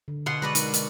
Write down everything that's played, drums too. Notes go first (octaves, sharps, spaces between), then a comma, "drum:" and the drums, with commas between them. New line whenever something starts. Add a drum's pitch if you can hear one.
D3
B2 F#5 C6
G#3 F#4 B4 D5
D#4 A#4, drum: hi-hat
drum: hi-hat